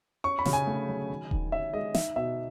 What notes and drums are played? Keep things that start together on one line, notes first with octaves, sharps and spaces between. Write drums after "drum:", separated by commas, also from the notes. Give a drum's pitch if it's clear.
C#4 C#6
B5
C#3, drum: snare
G#5
A3
F#3
D#3
D#3, drum: kick D#1
C#4 E5
G#3 D#5
D#4 E5, drum: snare
B2 E5